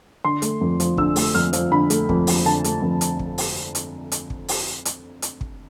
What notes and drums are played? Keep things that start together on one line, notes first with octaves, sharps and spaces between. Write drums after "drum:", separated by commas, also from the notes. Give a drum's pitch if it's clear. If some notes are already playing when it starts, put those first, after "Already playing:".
D3 C6
A3, drum: hi-hat
F2
F3, drum: hi-hat
D3 E6, drum: kick
A3, drum: open hi-hat
F2 F6
F3, drum: hi-hat
D3 B5
A3, drum: hi-hat
F2, drum: kick
F3, drum: open hi-hat
D3 A5
A3, drum: hi-hat
F2
drum: hi-hat
drum: kick
drum: open hi-hat
drum: hi-hat
drum: hi-hat
drum: kick
drum: open hi-hat
drum: hi-hat
drum: hi-hat
drum: kick